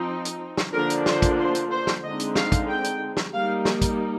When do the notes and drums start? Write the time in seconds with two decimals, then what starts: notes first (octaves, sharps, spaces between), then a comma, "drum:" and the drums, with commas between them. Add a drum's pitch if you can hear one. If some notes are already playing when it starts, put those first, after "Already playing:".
Already playing: F3 C4 D#4
0.25 drum: hi-hat
0.57 drum: snare
0.73 D3 F3 A#3 D4 A#4
0.90 drum: hi-hat
1.06 C5, drum: snare
1.22 drum: kick, hi-hat
1.38 C5
1.55 drum: hi-hat
1.71 C5
1.87 drum: snare
2.03 D3 G#3 C4 D#4 D#5
2.19 drum: hi-hat
2.36 F5, drum: snare
2.52 drum: kick, hi-hat
2.68 G5
2.84 drum: hi-hat
3.17 drum: snare
3.32 G3 A#3 D#4 F5
3.65 drum: snare
3.81 drum: kick, hi-hat